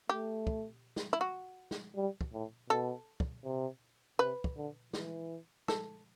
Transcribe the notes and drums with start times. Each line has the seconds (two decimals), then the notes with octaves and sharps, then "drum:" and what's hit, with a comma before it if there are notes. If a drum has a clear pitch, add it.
0.09 A3 G4
0.47 drum: kick
0.96 drum: snare
1.13 E4
1.21 F#4
1.71 drum: snare
1.96 G3
2.21 drum: kick
2.33 A2
2.70 B2 A4
3.20 drum: kick
3.44 C3
4.19 C3 B4
4.44 drum: kick
4.56 D3
4.93 E3, drum: snare
5.68 A4, drum: snare